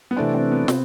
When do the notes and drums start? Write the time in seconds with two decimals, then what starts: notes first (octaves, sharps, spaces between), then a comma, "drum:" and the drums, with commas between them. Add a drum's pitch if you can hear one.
0.11 B3
0.17 C3 E3 A3 C4 D4
0.34 C4
0.51 B3
0.68 C3 C4, drum: snare